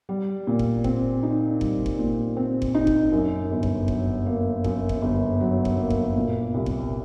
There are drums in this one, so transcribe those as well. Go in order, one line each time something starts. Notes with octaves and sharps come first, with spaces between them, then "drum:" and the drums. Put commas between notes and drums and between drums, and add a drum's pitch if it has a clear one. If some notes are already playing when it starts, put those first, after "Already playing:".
G3
A#2
drum: kick F#1
C4, drum: kick F#1
D#4
G3, drum: kick F#1
drum: kick F#1
A#2
C4
drum: kick F#1
D#4
drum: kick F#1
F#2
G1
drum: kick F#1
F#3, drum: kick F#1
A#3
F#2, drum: kick F#1
drum: kick F#1
G1
F#3
drum: kick F#1
A#3
drum: kick F#1
A#2
C2
drum: kick F#1